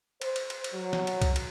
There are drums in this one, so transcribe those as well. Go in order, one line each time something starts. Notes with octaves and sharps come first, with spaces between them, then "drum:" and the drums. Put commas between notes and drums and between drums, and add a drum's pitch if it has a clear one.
C5, drum: cymbal
drum: cymbal
drum: cymbal
drum: cymbal
F#3
drum: snare
drum: cymbal
drum: kick C2, cymbal
drum: cymbal